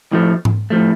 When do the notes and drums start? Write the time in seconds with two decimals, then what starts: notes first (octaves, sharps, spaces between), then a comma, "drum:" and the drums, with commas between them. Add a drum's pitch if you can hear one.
0.12 A2 F3 A3
0.45 drum: tom G#2
0.70 A2 F3 A3